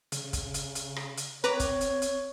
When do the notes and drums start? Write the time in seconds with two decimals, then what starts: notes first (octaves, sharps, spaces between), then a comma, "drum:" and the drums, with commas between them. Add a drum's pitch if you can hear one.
0.12 C#3, drum: hi-hat
0.33 drum: kick, hi-hat
0.54 drum: hi-hat
0.75 drum: hi-hat
0.96 drum: rim click
1.18 drum: hi-hat
1.44 C4 B4 C#5 A#5 D6
1.60 drum: kick, hi-hat
1.81 drum: hi-hat
2.02 drum: hi-hat